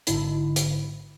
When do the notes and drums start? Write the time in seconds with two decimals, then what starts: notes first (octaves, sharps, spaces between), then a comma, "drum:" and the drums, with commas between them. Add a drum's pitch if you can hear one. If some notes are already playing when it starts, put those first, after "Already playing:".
0.07 G#1 G#2 D3 E4 B5, drum: hi-hat
0.56 drum: hi-hat